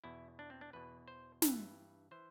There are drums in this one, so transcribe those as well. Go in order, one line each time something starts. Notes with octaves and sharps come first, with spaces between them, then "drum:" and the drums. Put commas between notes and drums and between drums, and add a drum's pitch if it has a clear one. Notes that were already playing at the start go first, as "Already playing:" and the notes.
E2 B2 E4
D4
C4
D4
E2 B2 B4
C5
G2 E3, drum: snare
E3 C5